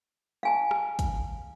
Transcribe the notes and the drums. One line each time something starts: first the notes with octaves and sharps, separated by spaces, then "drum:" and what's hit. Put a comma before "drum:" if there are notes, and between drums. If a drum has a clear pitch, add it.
F5 G#5 A5
drum: rim click
drum: kick, hi-hat